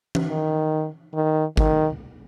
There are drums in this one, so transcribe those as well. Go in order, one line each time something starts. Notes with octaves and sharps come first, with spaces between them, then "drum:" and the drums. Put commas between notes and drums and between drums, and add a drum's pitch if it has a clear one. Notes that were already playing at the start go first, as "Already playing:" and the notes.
drum: tom E3
D#3
D#3
D#3, drum: kick